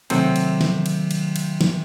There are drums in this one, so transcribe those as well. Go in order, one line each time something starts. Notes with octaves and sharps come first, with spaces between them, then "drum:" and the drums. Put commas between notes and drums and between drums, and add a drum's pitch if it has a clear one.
C3 D#3 F#3 A3 C4, drum: cymbal
drum: cymbal
drum: snare
drum: cymbal
drum: cymbal
drum: cymbal
drum: snare